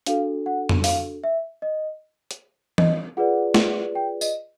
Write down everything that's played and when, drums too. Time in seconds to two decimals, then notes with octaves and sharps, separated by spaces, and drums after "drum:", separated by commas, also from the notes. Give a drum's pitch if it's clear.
0.06 D4 F#4 A4 F5, drum: hi-hat
0.46 F#5
0.69 drum: tom F2
0.84 F5, drum: open hi-hat
1.24 E5
1.62 D#5
2.31 drum: hi-hat
2.78 D#5, drum: tom
3.17 F4 G#4 B4 D5 F#5
3.54 drum: snare
3.95 G5
4.21 D#5, drum: tambourine